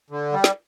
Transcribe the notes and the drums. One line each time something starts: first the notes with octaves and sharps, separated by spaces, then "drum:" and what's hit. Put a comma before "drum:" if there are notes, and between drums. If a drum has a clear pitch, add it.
D3
G3
drum: snare